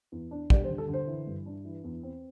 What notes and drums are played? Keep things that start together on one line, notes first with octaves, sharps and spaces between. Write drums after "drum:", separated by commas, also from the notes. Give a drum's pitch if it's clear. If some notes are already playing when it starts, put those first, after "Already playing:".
E2
D4
G3 D5, drum: kick
C5
D3
A4
D3
C5
E3
G2
D4
E3
E2
C4